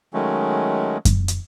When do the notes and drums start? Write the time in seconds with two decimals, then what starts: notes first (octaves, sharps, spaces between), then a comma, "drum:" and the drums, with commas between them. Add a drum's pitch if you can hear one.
0.14 D#3 F#3 G#3 A3 C#4
1.05 drum: kick F#2, hi-hat
1.28 drum: hi-hat